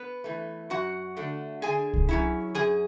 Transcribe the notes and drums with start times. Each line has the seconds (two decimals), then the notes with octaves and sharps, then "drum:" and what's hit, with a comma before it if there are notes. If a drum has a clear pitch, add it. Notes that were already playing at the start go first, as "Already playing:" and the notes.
Already playing: B3 B4
0.24 E3 A3
0.70 F#2 F#4 F#5
1.17 D3 A3 D4
1.62 D3 G#4 G#5
1.93 drum: kick C2
2.09 F#3 C#4 E4
2.55 F#2 G#4 G#5